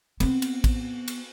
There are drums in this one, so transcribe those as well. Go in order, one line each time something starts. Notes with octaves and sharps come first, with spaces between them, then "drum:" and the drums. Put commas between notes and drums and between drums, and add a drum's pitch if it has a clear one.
B3 C4, drum: cymbal
drum: cymbal
drum: kick, cymbal
drum: cymbal